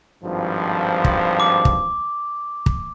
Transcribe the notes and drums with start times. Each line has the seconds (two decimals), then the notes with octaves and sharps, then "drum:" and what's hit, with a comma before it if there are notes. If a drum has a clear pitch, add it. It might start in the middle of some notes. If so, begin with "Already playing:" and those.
0.24 G#1 G2 F3
1.04 drum: kick
1.40 D6
1.65 drum: kick
2.66 drum: kick